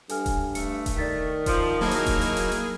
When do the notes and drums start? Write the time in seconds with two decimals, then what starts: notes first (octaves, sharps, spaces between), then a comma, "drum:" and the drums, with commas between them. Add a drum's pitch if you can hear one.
0.09 G2 A4 G#5 F6, drum: hi-hat
0.26 drum: kick D#1, hi-hat
0.55 A3 C#7, drum: hi-hat
0.86 drum: kick D#1, hi-hat
0.97 D#3 D5 A6 B6
1.46 F3, drum: kick D#1, hi-hat
1.81 F#3 A#3 D#4 E4 G#4 A#4 A5
1.91 drum: hi-hat
2.06 drum: kick D#1, hi-hat
2.21 drum: hi-hat
2.37 drum: hi-hat
2.52 drum: hi-hat